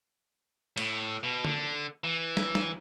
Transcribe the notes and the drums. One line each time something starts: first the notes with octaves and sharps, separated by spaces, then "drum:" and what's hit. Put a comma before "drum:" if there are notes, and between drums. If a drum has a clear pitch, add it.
A2, drum: cymbal
B2
D3, drum: tom D3
E3
drum: snare
drum: snare